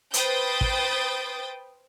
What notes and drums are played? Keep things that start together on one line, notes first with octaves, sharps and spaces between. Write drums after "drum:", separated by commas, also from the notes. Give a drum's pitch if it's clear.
B4 C5 G5 D#6 G6 A6, drum: hi-hat
drum: kick